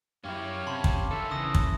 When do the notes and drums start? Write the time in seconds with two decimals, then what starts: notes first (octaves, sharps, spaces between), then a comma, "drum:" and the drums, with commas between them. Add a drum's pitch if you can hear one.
0.24 F#2 C#4 E4 G4 A#4 C#5 F5
0.67 C3 A5 B5 C6
0.84 drum: kick
1.11 D#3 C#4 A4 E5
1.31 C#3 E3 D#6 A#6
1.55 drum: kick